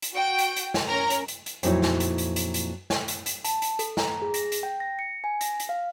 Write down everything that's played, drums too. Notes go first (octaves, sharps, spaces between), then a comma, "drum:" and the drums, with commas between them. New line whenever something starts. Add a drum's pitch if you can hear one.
drum: hi-hat
F#4 G5 D7
drum: hi-hat
drum: hi-hat
drum: snare
C#4 A#4 A#5
drum: hi-hat
drum: hi-hat
drum: hi-hat
F2 A#2 F#3 D#4 E4 C#5, drum: hi-hat
drum: snare
drum: hi-hat
drum: hi-hat
drum: hi-hat
drum: hi-hat
drum: snare
drum: hi-hat
drum: hi-hat
A5, drum: hi-hat
drum: hi-hat
A4, drum: hi-hat
A#5, drum: snare
G#4
A#6, drum: hi-hat
drum: hi-hat
G5
A#6
C#7
G#5
A#6, drum: hi-hat
drum: hi-hat
F5